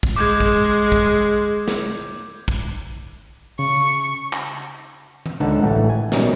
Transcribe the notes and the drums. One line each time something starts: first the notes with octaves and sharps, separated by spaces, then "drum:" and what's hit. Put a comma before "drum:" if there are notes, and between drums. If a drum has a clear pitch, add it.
drum: kick
G#3 D6 G6 G#6, drum: open hi-hat
drum: kick
drum: kick
drum: snare
drum: kick
C#3 C#6
drum: clap
drum: tom D#3
C#2 D3 D#4 F#5 A5
A1 A3 F#5
G#5
A#1 B2 G3 C#4 D#4 A#5, drum: snare